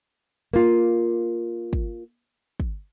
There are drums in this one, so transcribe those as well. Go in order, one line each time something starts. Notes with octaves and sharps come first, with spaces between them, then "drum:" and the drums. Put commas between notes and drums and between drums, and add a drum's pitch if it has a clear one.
A#3 F4
drum: kick
drum: kick